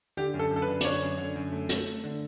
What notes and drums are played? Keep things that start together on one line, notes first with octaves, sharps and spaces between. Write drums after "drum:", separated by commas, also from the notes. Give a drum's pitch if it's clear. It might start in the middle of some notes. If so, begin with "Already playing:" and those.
D3 G4
F#2
A4
F#2
A4
B4
D3
D5, drum: hi-hat
F#2 C#5
F#2
D3
F#2
A3
A3, drum: hi-hat
A3
D3